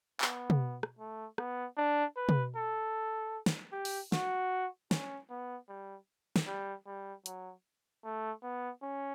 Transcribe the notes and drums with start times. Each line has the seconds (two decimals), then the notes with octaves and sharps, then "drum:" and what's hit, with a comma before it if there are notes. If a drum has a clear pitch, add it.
0.21 B3, drum: clap
0.50 drum: tom
0.83 drum: rim click
0.99 A3
1.38 B3, drum: rim click
1.77 D4
2.16 B4
2.29 drum: tom
2.56 A4
3.46 drum: snare
3.72 G4
3.85 drum: open hi-hat
4.12 F#4, drum: snare
4.91 C#4, drum: snare
5.30 B3
5.69 G3
6.36 drum: snare
6.47 G3
6.86 G3
7.26 F#3, drum: hi-hat
8.04 A3
8.43 B3
8.82 C#4